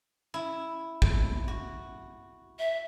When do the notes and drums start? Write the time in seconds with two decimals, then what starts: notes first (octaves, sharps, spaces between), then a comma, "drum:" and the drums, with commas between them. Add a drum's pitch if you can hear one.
0.34 E4
1.02 drum: kick
1.48 F#4
2.59 E5